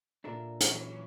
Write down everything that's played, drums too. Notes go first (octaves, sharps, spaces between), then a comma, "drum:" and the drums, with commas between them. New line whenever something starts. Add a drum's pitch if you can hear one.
A#2 D4 A4 A#4 E5
E3 F#3 C#4, drum: hi-hat